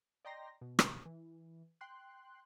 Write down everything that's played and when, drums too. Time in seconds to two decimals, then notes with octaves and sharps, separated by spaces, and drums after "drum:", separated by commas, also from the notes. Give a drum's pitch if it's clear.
0.25 D5 D#5 G5 A#5 C6 A#6
0.61 B2
0.79 drum: rim click
1.05 E3
1.81 G5 C6 F#6